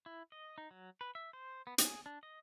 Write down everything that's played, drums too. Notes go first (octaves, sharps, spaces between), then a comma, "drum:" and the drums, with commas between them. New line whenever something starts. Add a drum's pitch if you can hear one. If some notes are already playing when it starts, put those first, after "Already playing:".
E4
D#5
D#4
F#3
B4
E5
C5
B3
G#4, drum: hi-hat
D4
D#5